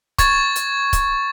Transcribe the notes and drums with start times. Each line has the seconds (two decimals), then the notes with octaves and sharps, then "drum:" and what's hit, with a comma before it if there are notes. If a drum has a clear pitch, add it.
0.18 C#6 G#6 A6, drum: kick C#1, hi-hat
0.56 drum: hi-hat
0.93 drum: kick C#1, hi-hat